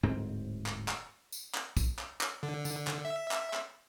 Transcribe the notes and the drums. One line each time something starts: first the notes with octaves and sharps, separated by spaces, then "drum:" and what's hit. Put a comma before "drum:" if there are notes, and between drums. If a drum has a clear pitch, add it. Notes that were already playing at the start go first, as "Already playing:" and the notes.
D1 G#2 C4
drum: clap
drum: clap
drum: tambourine
drum: clap
drum: kick, tambourine
drum: clap
drum: clap
D3
drum: tambourine
drum: clap
E5
drum: clap
drum: clap